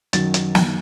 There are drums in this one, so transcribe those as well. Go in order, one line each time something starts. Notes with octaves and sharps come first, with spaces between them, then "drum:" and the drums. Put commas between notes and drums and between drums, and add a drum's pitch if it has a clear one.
F#2 D#3 F#3 A6, drum: hi-hat
drum: hi-hat
drum: snare